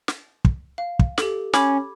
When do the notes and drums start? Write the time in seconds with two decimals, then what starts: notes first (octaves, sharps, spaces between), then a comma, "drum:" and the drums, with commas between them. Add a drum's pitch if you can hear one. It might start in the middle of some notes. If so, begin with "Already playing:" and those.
0.08 drum: snare
0.45 drum: kick
0.78 F5
0.99 drum: kick
1.18 G4 A4, drum: snare
1.54 C#4 B5 D6 G#6, drum: snare